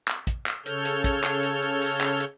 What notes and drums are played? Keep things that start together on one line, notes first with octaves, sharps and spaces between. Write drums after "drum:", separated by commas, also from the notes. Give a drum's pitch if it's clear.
drum: clap
drum: kick, hi-hat
drum: clap
C#3 A4 C#5 F6 G6, drum: hi-hat
drum: hi-hat
drum: kick, hi-hat
drum: clap
drum: hi-hat
drum: hi-hat
drum: open hi-hat
drum: clap
drum: hi-hat